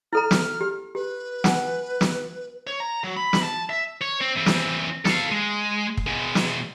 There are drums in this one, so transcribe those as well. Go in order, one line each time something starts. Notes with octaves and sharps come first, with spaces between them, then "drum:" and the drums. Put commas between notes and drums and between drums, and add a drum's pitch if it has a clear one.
E4 A4 A#5 F6
drum: snare
G4
G4 B4
F#5 G#5, drum: snare
drum: snare
C#5
A#5
F#3
B5
drum: snare
A5
E5
C#5
C4
E3 C4
drum: snare
A4 F5, drum: snare
G#3
drum: kick
B2 G#3
drum: snare